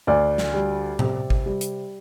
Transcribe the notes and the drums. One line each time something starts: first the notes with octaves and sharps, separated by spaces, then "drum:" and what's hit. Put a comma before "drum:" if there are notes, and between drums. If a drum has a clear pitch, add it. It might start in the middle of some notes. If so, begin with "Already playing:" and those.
D2 D5
drum: snare
G3
C3, drum: tom A2
drum: kick G#1
G3
drum: hi-hat